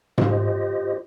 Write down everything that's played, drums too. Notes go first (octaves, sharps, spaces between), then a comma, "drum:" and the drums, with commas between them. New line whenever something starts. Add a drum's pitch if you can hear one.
F4 G4 C5 D#5, drum: tom G#2